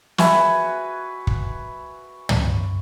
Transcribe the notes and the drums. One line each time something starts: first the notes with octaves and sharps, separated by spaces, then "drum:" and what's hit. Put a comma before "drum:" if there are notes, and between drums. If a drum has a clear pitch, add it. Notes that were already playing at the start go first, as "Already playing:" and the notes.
F#4 B4 E5 G#5, drum: snare
drum: kick
drum: tom